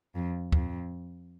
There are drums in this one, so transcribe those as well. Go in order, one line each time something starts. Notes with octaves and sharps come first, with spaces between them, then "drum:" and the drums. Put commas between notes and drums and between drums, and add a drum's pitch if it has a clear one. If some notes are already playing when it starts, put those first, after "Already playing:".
F2
F2, drum: kick